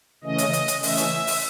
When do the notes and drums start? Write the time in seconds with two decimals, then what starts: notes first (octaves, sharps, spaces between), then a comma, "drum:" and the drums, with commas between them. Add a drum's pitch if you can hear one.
0.24 C#3 E3 A3 C#4 D#5
0.38 drum: hi-hat
0.53 drum: hi-hat
0.68 drum: hi-hat
0.83 C#3 E3 A3 C#4 E5, drum: open hi-hat
0.98 drum: hi-hat
1.27 drum: open hi-hat